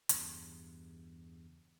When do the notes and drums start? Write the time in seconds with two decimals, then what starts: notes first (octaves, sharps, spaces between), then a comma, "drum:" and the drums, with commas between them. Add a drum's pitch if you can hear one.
0.09 E2 G2 C#3, drum: hi-hat